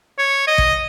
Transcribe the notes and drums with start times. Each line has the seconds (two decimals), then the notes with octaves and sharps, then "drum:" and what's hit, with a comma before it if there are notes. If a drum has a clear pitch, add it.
0.19 C#5
0.48 D#5
0.58 drum: kick